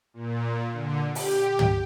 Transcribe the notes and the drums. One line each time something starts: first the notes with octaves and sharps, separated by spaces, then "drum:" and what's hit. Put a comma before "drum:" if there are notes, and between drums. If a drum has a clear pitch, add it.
A#2
D3
G4, drum: open hi-hat
drum: tom